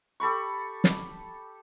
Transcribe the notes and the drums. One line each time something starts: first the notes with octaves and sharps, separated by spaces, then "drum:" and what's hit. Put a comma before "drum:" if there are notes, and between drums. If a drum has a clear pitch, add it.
G4 A4 B5 C#6
drum: snare